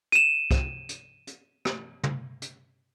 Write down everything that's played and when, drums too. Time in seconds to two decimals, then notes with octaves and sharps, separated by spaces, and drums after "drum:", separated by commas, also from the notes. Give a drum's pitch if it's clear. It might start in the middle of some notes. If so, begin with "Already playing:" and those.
0.12 D#7 E7, drum: hi-hat
0.51 drum: kick, hi-hat
0.89 drum: hi-hat
1.27 drum: hi-hat
1.65 drum: rim click
2.03 drum: tom
2.42 drum: hi-hat